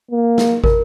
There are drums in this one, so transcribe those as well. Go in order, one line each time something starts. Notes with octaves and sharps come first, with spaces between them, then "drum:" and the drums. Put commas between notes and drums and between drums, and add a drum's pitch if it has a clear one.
A#3
drum: snare
A#4, drum: kick